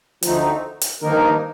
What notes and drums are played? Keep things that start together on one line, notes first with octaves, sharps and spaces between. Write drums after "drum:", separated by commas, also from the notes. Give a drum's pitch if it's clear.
D2 D3 F3 A3 C4 D#4, drum: hi-hat
drum: hi-hat
G2 D#3 F3 A#3 D#4 A#4